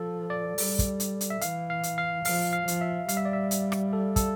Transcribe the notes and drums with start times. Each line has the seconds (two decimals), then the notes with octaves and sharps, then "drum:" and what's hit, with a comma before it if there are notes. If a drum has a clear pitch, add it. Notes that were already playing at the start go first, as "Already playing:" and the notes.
Already playing: F3 A4
0.30 D5
0.58 G3, drum: open hi-hat
0.79 drum: kick, hi-hat
1.00 drum: hi-hat
1.21 drum: hi-hat
1.30 E5
1.41 E3 F5, drum: hi-hat
1.70 F5
1.83 drum: hi-hat
1.98 F5
2.25 F3 F5, drum: open hi-hat
2.53 F5
2.68 F3, drum: hi-hat
2.81 E5
3.09 G3 F5, drum: hi-hat
3.17 E5
3.25 D5
3.33 E5
3.51 drum: hi-hat
3.72 drum: rim click
3.93 A4
4.16 A4, drum: kick, hi-hat